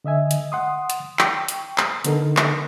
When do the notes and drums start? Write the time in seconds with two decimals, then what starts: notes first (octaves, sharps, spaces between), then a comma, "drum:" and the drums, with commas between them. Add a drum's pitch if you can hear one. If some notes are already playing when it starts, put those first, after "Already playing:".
0.04 D3 D#5 E5 G#5
0.31 drum: hi-hat
0.52 F#5 C6 D#6
0.90 drum: hi-hat
1.19 G5 C#6, drum: clap
1.48 drum: hi-hat
1.78 drum: clap
2.04 D3 B3 D4 D#4 A4 A#4, drum: hi-hat
2.37 drum: clap